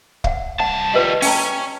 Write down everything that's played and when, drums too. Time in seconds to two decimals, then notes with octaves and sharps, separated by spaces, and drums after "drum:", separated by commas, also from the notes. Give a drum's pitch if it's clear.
0.24 F5 F#5, drum: kick
0.60 C2 F#5 A5
0.94 G3 F4 B4 D#5
1.22 C#4 G5 A5 A#5, drum: open hi-hat